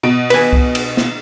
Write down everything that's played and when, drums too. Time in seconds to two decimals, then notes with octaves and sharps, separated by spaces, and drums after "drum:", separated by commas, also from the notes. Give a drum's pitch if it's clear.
0.03 B2 D7
0.30 B4 G#5, drum: cymbal
0.53 drum: kick
0.75 drum: cymbal
0.97 drum: snare